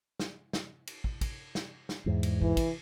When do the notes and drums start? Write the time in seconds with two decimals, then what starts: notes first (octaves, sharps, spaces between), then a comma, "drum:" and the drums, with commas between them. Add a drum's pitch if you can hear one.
0.20 drum: snare
0.53 drum: snare
0.87 drum: cymbal
1.04 drum: kick
1.21 drum: kick, cymbal
1.55 drum: snare
1.89 drum: snare
2.06 E2 G#2
2.23 drum: cymbal
2.42 E3, drum: kick
2.57 drum: kick, cymbal